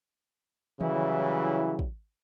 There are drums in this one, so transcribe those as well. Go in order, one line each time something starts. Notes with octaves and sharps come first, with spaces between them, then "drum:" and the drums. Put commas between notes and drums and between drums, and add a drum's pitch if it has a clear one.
C#3 E3 F#3 G3 E4, drum: tom D#3
drum: kick